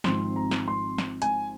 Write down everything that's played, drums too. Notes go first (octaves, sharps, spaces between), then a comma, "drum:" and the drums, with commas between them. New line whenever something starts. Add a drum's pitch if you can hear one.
G#1 G#2 F3 C4 C6, drum: snare
A#5
drum: snare
C6
drum: snare
G#5, drum: hi-hat